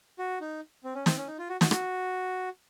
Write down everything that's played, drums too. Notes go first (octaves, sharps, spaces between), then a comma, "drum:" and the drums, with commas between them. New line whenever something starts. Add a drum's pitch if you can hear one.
F#4
D#4
C4
C#4
C4, drum: snare
C#4
D#4
F4
F#4
F#4, drum: snare
F#4, drum: rim click